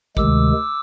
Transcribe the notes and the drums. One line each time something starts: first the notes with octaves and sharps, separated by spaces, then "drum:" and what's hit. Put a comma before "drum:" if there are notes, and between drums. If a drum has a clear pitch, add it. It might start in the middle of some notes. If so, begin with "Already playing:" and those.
D2 C3 D#3 G#3 D6 E6, drum: kick A1